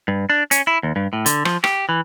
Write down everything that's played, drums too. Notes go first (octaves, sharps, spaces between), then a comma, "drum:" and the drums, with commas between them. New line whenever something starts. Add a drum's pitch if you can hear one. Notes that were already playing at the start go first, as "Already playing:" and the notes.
G2
D4
C#4, drum: hi-hat
E4
D#2
G2
A2
D3, drum: hi-hat
F3, drum: rim click
G4, drum: rim click
E3